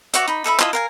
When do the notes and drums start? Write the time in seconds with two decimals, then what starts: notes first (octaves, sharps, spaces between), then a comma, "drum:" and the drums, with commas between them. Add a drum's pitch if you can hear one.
0.13 F#4 C#5 D5 E5, drum: hi-hat
0.28 D#4 B5
0.44 D#4 A4 E5 B5
0.60 E4 F4 D#5 A5, drum: clap
0.73 A#4 F5 G#5